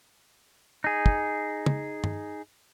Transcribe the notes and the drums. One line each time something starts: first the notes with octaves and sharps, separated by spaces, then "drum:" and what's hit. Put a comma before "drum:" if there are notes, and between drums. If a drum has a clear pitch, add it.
D#4 G#4
drum: kick
drum: tom
drum: tom G2